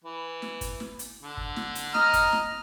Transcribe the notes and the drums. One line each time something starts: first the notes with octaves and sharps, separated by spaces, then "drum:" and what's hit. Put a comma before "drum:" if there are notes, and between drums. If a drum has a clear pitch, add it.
E3
drum: snare
drum: kick, hi-hat
drum: snare
drum: hi-hat
D3
drum: kick
drum: snare
drum: hi-hat
D#5 A#5 F6, drum: snare
drum: kick, hi-hat
drum: snare